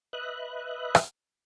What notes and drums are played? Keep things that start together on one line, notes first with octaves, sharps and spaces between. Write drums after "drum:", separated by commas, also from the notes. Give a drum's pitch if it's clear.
B4 D#5 E5 F#6
drum: rim click